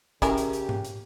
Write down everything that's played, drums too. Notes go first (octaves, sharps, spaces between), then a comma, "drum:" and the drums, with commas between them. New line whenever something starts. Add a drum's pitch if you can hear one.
C#3 C#4 E4 G4 A#4, drum: kick, hi-hat
drum: hi-hat
drum: hi-hat
drum: tom G#2
drum: hi-hat